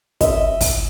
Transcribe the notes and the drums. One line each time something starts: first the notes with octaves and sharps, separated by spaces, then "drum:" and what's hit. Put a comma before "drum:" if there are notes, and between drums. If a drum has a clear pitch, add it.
D#5 E5, drum: kick, hi-hat
drum: kick, open hi-hat